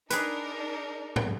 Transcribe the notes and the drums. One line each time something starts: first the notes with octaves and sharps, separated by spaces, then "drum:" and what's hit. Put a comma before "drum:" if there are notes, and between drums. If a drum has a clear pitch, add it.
D4 D#4 G#4 A#4 B4, drum: hi-hat
drum: tom G#2